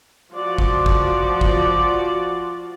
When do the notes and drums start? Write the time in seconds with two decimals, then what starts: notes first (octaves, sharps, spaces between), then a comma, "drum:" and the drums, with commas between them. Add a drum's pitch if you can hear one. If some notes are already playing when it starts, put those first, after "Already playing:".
0.31 F3 F4 F#4 D5
0.58 drum: kick
0.86 drum: kick
1.41 drum: kick